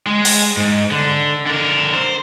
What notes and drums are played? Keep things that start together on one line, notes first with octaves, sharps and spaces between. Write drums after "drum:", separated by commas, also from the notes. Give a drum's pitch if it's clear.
G#3
drum: open hi-hat
G#2
D3
D3 A#4
C5